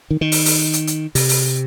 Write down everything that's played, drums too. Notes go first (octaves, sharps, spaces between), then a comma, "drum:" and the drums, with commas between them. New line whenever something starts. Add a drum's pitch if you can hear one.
D#3
D#3
drum: open hi-hat
drum: open hi-hat
drum: hi-hat
drum: hi-hat
C3, drum: open hi-hat
drum: open hi-hat